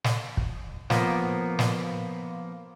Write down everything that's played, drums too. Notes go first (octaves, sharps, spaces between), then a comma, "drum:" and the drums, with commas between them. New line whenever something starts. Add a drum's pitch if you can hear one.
drum: snare
drum: kick
F3 A#3 B3, drum: snare
drum: snare